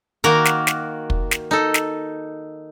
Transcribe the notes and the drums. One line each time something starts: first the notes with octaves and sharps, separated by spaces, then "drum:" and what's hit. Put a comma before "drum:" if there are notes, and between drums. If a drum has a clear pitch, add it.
D#3 A#3 F#4 A#4
drum: snare
drum: snare
drum: kick
drum: snare
D#4 A4
drum: snare